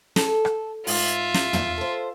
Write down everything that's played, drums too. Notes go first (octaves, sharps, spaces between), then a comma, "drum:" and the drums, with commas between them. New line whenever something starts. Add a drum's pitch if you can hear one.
A4, drum: snare
drum: rim click
G#2 F4 E5, drum: open hi-hat
drum: snare
drum: tom
A4 C5